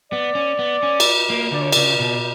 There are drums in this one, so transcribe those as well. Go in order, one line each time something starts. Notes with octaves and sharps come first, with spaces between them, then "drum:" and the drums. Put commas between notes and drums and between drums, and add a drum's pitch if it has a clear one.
B3 D5
C#4
B3
C#4
drum: cymbal
A#3
D3 D5
C#5
C#3 D5, drum: cymbal
B2